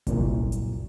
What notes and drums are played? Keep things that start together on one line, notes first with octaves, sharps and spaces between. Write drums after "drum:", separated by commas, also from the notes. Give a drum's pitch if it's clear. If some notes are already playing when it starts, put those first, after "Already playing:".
C2 F#2 A#2, drum: kick G#1, hi-hat
drum: hi-hat